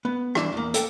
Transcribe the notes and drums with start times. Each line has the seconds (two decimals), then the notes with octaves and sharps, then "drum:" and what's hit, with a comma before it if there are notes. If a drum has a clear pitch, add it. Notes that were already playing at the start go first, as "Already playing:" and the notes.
0.05 B3
0.35 E3 D4 E5, drum: rim click
0.53 E2 A#3
0.74 A4 G5, drum: hi-hat